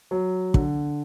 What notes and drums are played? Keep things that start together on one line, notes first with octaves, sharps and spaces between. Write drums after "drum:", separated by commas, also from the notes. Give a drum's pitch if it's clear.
F#3
D3, drum: kick